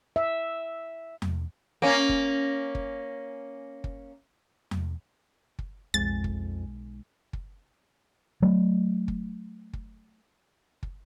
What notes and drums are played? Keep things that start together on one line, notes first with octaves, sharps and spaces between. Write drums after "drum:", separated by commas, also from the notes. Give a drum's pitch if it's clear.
E5
drum: tom E2
A#3 C#4
drum: kick
drum: kick
drum: kick
drum: tom E2
drum: kick
B1 F2 D#3 G#3 A6
drum: kick
drum: kick
F#3 A3
drum: kick
drum: kick
drum: kick